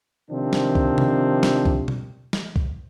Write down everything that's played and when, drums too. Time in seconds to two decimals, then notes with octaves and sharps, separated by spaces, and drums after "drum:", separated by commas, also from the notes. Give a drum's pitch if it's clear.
0.30 C3 D#3 F3 C4 D4
0.53 drum: snare
0.75 drum: kick
0.98 drum: tom C3
1.43 drum: snare
1.65 drum: kick
1.88 drum: tom B2
2.33 drum: snare
2.56 drum: kick